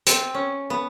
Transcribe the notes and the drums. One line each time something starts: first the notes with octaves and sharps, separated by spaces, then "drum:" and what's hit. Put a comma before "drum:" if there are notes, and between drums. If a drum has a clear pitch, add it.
C4, drum: hi-hat
C#4
B3